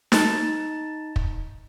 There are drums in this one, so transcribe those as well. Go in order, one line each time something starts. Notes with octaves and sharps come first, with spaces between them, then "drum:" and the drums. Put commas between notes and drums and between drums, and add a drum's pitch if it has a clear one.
D#4 A5 A6, drum: snare
drum: kick